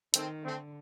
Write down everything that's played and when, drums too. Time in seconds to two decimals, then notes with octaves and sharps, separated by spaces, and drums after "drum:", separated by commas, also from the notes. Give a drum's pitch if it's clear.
0.14 D#3 A3 C4, drum: hi-hat
0.44 D3 A3 C4